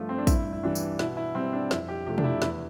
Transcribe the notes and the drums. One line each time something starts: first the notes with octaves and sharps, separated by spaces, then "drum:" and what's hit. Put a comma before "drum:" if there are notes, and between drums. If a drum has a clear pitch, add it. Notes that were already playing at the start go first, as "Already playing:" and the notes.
Already playing: G2 F3 A3 F4
C4
D4
G2 E4, drum: kick, tambourine
E4
E3 G3 D4
drum: tambourine
B2 E4, drum: snare
E4
G3 C4
D4
F2 E4, drum: snare
G4
C3 F3 A3 G4
D4, drum: tom
E4
E2 E4, drum: snare